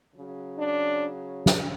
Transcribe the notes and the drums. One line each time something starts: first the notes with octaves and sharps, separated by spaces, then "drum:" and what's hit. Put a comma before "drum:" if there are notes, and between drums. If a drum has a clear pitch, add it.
C#3 F#3
D4
drum: snare